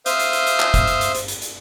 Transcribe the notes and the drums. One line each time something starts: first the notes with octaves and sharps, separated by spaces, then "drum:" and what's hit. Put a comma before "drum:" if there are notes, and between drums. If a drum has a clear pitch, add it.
C5 E5 F5 D#6 F6 G6, drum: hi-hat
drum: hi-hat
drum: hi-hat
drum: hi-hat
drum: clap
drum: kick F#1, hi-hat
drum: hi-hat
drum: hi-hat
drum: hi-hat
drum: hi-hat
drum: hi-hat